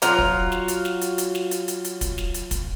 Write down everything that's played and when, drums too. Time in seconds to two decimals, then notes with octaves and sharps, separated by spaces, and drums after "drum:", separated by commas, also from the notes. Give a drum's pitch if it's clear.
0.02 F#3 F4 A#5, drum: hi-hat
0.18 drum: kick
0.52 drum: snare
0.68 drum: hi-hat
0.85 drum: snare
1.02 drum: hi-hat
1.18 drum: hi-hat
1.35 drum: snare
1.51 drum: hi-hat
1.68 drum: hi-hat
1.85 drum: hi-hat
2.01 drum: kick, hi-hat
2.18 drum: snare
2.34 drum: hi-hat
2.51 drum: kick, hi-hat